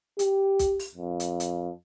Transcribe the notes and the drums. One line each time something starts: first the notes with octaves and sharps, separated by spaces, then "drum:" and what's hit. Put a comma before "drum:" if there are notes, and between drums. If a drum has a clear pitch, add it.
G4, drum: hi-hat
drum: kick, hi-hat
drum: open hi-hat
F2
drum: hi-hat
drum: hi-hat